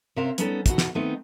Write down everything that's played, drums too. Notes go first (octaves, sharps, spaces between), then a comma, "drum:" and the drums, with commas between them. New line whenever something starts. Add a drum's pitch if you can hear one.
C3 C4 C#4 A#4 E5 F5
G3 B3 C#4 D#4 A4, drum: hi-hat
E2 B2 D#4 F#4, drum: kick, hi-hat
drum: snare
D#3 A3 B3 C4 D#4